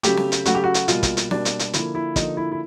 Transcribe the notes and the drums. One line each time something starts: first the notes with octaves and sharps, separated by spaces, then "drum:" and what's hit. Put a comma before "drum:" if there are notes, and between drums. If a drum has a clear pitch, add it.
C#3 F#3 A3 G4, drum: hi-hat
drum: snare
drum: hi-hat
C#3 F#3 A3 F#4, drum: hi-hat
G4
F#4
drum: hi-hat
B2 G3 A#3 F4, drum: hi-hat
drum: kick, hi-hat
drum: hi-hat
B2 G3 A#3 D4, drum: snare
drum: hi-hat
drum: hi-hat
D3 F3 A#3 E4, drum: hi-hat
E4
D3 F3 A#3 D#4, drum: kick, hi-hat
E4
E4